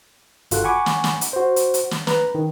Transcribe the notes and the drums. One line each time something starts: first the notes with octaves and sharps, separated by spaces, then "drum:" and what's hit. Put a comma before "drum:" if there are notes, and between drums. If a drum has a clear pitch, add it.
G1 F4 F#4 A4 F#6, drum: hi-hat
F#5 G#5 B5 C#6 D6
drum: snare
drum: snare
drum: hi-hat
F#4 C5
drum: hi-hat
drum: hi-hat
drum: snare
B4 A#5, drum: snare
D#3